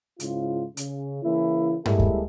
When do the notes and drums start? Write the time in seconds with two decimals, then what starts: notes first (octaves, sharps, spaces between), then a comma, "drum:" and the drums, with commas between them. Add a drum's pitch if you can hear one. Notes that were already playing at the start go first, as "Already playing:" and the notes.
0.20 G#2 C#3 E4 F4, drum: hi-hat
0.77 C#3, drum: hi-hat
1.23 C#3 E3 A#3 E4
1.86 G3 G#3 A#3 E4 G4 A4, drum: tom G2
1.99 drum: kick D2